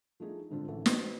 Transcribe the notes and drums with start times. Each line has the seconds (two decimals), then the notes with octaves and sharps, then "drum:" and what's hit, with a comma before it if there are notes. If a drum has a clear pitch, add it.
0.20 F3 A3 D4 D#4 G#4
0.51 G#2 D3 C4 D4 F4
0.68 A1 E3 A4
0.86 D#4 F#4 B4 C5 D#5, drum: snare